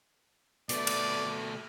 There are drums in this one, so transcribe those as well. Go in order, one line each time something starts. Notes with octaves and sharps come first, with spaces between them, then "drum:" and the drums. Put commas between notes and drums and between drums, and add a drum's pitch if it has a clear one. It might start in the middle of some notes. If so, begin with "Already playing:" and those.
B2 A3 D5, drum: hi-hat
drum: cymbal